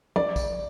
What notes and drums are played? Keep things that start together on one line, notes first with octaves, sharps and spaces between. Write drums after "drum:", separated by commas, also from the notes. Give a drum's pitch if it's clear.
D5, drum: tom F3
drum: kick, tambourine